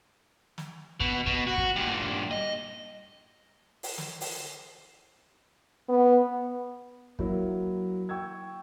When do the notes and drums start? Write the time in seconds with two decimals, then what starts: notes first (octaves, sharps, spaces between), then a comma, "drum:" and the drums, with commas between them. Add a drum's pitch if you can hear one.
0.58 drum: snare
1.00 B2, drum: kick
1.26 B2, drum: kick
1.47 F#4
1.58 drum: kick
1.76 G2 A#2
2.31 D#5
3.83 drum: open hi-hat
3.98 drum: snare
4.21 drum: open hi-hat
5.89 B3
7.19 F#3 A#3 E4, drum: kick
8.09 G5 C#6 E6 G#6